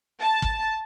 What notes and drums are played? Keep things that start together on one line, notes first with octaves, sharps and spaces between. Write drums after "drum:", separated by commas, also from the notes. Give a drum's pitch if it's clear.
A5
drum: kick